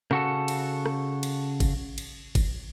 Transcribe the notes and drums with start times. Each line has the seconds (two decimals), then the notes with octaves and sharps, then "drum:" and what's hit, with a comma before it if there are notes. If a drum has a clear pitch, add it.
0.11 C#3 F#4 A4, drum: rim click
0.48 drum: cymbal
0.86 drum: rim click
1.23 drum: cymbal
1.60 drum: kick, cymbal
1.98 drum: cymbal
2.35 drum: kick, cymbal